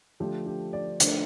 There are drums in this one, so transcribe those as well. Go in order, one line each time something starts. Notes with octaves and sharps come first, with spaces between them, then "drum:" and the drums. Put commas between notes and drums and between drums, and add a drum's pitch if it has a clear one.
D3 F3 A3 D4 G4
G4
D5
D3 F3 A3 D4 C5, drum: hi-hat